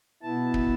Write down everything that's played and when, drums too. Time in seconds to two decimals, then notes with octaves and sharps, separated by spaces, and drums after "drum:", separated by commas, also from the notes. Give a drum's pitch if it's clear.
0.22 B2 B3 E4 A5
0.54 drum: kick